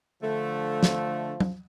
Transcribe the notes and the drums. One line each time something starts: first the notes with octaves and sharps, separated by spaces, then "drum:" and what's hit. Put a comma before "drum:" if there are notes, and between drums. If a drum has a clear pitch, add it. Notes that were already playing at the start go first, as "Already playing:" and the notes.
D3 F3 A3
drum: snare
drum: tom